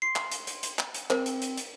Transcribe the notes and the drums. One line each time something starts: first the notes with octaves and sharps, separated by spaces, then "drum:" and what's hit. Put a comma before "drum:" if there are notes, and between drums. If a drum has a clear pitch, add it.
C6 C7
drum: clap
drum: hi-hat
drum: hi-hat
drum: hi-hat
drum: clap
drum: hi-hat
C4 A#4 C5, drum: clap
drum: hi-hat
drum: hi-hat
drum: hi-hat